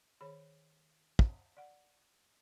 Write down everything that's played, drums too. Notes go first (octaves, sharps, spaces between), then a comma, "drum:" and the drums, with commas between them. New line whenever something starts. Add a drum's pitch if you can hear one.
D#3 G#4 C#5 B5
drum: kick
D5 F#5